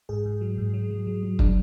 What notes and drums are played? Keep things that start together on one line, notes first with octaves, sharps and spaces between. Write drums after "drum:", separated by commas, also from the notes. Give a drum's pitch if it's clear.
G#2 G#4
G#2
F#3
G#2
F#3
F#3
F#3
F#3
F#3 D4, drum: kick